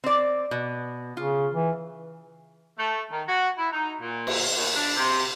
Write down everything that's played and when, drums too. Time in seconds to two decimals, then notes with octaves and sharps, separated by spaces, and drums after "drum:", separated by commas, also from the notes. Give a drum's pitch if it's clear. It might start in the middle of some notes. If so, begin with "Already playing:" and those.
0.04 C4 D5
0.51 B2
1.17 C#3 F4
1.53 E3
2.77 A3
3.11 D#3
3.28 F#4
3.58 E4
3.72 D#4
4.01 A#2
4.27 drum: cymbal
4.54 D#2
4.75 D4
4.95 C3